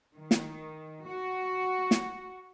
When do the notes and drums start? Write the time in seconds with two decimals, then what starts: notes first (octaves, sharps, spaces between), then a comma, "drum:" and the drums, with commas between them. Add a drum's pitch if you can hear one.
0.17 D#3
0.31 drum: snare
1.06 F#4
1.91 drum: snare